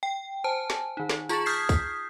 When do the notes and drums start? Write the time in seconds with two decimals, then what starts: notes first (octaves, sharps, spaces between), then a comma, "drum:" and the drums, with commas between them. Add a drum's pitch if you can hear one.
0.03 G5
0.44 C5 G#5 A5
0.70 drum: snare
0.97 D#3 D#4
1.09 drum: snare
1.29 F4 G#4 A5 C#6 A6 E7, drum: tambourine
1.46 D#6 F6 G6 G#6 B6 C7
1.69 drum: kick, tambourine